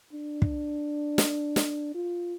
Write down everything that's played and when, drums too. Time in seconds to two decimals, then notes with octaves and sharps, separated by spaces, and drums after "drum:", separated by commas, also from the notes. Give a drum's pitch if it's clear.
0.13 D4
0.42 drum: kick
1.18 drum: snare
1.56 drum: snare
1.94 F4